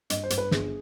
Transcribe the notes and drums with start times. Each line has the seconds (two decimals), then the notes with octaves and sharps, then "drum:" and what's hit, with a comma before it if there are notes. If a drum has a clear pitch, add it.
0.10 G2 D#5, drum: hi-hat
0.24 C5
0.30 G2, drum: hi-hat
0.38 B4
0.51 G1 G#4, drum: snare